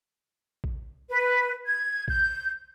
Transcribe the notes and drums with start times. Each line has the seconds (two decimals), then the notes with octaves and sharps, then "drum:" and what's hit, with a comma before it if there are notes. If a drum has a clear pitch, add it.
0.64 drum: kick A#1
1.10 B4
1.65 G#6
2.08 G6, drum: kick A#1